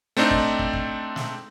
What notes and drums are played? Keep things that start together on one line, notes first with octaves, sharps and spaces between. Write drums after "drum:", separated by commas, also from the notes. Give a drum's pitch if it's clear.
A3 C4 D4 D#4
drum: kick
drum: kick
drum: kick
drum: snare